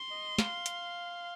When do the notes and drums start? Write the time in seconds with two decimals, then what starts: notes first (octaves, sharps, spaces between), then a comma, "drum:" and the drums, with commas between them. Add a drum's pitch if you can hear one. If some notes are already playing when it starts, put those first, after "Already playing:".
Already playing: C6
0.11 D#5
0.38 F5, drum: snare
0.66 drum: hi-hat